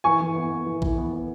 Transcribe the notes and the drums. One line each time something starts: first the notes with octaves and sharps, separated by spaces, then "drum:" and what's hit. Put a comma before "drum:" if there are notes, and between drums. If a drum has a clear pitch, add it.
E3 G#5 C#6
E3
B3
B3
E3
E3, drum: kick A#1
B3
B3